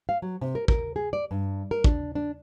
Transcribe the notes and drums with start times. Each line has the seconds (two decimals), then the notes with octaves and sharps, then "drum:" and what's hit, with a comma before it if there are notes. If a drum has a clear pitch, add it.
0.09 F5
0.22 F#3
0.41 C3
0.55 A#4
0.68 A#4, drum: kick
0.96 G#4
1.13 D5
1.31 G2
1.71 A#4
1.84 D4, drum: kick
2.15 D4